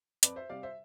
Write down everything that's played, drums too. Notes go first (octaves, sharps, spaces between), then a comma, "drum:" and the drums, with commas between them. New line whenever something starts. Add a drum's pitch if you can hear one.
F2 B4 D5, drum: hi-hat
C5 E5
C3 G3 D5 F5
C5 E5